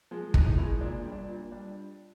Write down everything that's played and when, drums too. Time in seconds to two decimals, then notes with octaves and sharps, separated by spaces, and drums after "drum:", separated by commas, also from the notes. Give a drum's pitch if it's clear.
0.11 F3 G#3
0.34 A2 D#4, drum: kick
0.46 D#4
0.58 F3 G#3 E4
0.81 A#2 D4
1.05 G3
1.12 D4
1.28 A#2
1.51 G3 D4